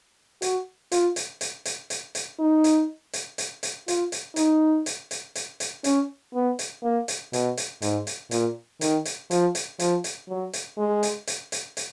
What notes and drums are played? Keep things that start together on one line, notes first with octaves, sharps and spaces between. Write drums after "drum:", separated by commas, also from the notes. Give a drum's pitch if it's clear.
F#4, drum: hi-hat
F4, drum: hi-hat
drum: hi-hat
drum: hi-hat
drum: hi-hat
drum: hi-hat
drum: hi-hat
D#4
drum: hi-hat
drum: hi-hat
drum: hi-hat
drum: hi-hat
F4, drum: hi-hat
drum: hi-hat
D#4, drum: hi-hat
drum: hi-hat
drum: hi-hat
drum: hi-hat
drum: hi-hat
C#4, drum: hi-hat
B3
drum: hi-hat
A#3
drum: hi-hat
B2, drum: hi-hat
drum: hi-hat
G#2, drum: hi-hat
drum: hi-hat
A#2, drum: hi-hat
D#3, drum: hi-hat
drum: hi-hat
F3, drum: hi-hat
drum: hi-hat
F3, drum: hi-hat
drum: hi-hat
F#3
drum: hi-hat
G#3
drum: hi-hat
drum: hi-hat
drum: hi-hat
drum: hi-hat